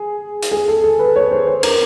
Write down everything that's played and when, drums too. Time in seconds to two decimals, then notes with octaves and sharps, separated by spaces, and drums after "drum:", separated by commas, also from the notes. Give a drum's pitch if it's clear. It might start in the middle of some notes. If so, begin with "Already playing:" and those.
Already playing: G#4
0.42 drum: hi-hat
0.51 G#4
0.68 A4
0.84 A4
0.99 B4
1.16 C#5
1.31 C5
1.47 C5
1.63 A#4, drum: cymbal